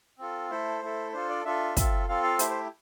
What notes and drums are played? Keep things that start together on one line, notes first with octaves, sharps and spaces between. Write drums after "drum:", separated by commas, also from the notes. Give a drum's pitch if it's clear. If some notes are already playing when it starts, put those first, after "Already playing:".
C4 F4 A4
A3 E4 A4 C5
A3 E4 A4
D4 F4 A4 C5
D5
D4 F4 A4 E5
C4 F4 A4, drum: kick, hi-hat
C4 F4 A4 F5
F5
A3 E4 G4 C5, drum: hi-hat
C5